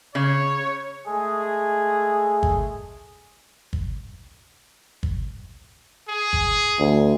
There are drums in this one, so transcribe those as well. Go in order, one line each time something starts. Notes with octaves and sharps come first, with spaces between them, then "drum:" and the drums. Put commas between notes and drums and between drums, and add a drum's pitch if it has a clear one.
C#3 C#5
G#3 A3 G#4
drum: kick G1
drum: kick G1
drum: kick G1
G#4
drum: kick G1
D2